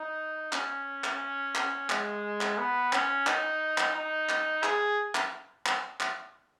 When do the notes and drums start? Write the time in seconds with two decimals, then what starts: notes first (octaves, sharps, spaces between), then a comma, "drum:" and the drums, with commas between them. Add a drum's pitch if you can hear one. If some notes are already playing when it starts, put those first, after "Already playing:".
Already playing: D#4
0.53 C#4, drum: clap
1.04 drum: clap
1.55 drum: clap
1.90 G#3, drum: clap
2.41 drum: clap
2.58 B3
2.93 C#4, drum: clap
3.27 D#4, drum: clap
3.78 drum: clap
3.95 D#4
4.29 drum: clap
4.64 G#4, drum: clap
5.15 drum: clap
5.66 drum: clap
6.00 drum: clap